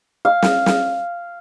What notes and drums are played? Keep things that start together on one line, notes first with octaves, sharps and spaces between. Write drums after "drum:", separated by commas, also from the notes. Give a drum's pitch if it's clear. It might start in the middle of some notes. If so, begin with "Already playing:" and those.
F5
drum: snare
drum: snare